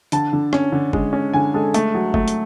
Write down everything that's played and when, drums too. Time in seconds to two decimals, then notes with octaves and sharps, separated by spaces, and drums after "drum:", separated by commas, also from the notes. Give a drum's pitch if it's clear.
0.12 D3 A5, drum: hi-hat
0.33 D3
0.53 C#4, drum: rim click
0.72 D3
0.93 G#3, drum: kick
1.13 C#4
1.33 D3 G#5
1.54 G#3 A4
1.74 A3, drum: hi-hat
1.95 F#3
2.14 A3, drum: kick
2.28 drum: hi-hat